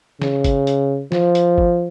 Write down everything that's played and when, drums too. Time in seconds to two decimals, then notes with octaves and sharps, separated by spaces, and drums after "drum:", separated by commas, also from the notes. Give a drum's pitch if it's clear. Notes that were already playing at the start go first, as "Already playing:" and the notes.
0.22 C#3, drum: snare
0.44 drum: kick G#1, hi-hat
0.67 drum: hi-hat
1.12 F3, drum: snare
1.35 drum: hi-hat
1.58 drum: kick G#1